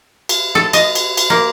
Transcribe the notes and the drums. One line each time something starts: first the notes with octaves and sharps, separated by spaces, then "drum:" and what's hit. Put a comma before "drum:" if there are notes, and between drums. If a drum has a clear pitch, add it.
drum: cymbal
A4
D#5, drum: cymbal
drum: cymbal
drum: cymbal
A#3